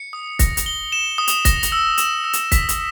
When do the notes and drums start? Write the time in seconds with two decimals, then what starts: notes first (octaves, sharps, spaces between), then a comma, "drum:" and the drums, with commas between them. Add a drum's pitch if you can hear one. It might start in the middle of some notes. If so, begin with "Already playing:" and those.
Already playing: C#7
0.13 D#6
0.39 A#6, drum: kick, hi-hat
0.57 drum: hi-hat
0.66 G7
0.92 E7
1.18 D#6
1.28 drum: hi-hat
1.45 A#6, drum: kick, hi-hat
1.63 drum: hi-hat
1.72 E6
1.98 E7, drum: hi-hat
2.24 E6
2.33 drum: hi-hat
2.52 B6, drum: kick, hi-hat
2.69 drum: hi-hat